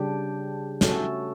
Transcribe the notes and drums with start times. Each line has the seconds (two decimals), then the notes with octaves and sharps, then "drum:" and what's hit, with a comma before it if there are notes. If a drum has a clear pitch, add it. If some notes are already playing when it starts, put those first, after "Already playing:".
Already playing: C#3 G3 D4 G4
0.81 A3 C#4 F#4 A4, drum: snare